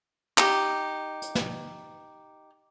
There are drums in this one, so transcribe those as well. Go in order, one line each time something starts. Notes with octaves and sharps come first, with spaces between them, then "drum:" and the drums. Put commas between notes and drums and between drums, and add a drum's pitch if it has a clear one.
D#4 G4, drum: clap
drum: hi-hat
drum: snare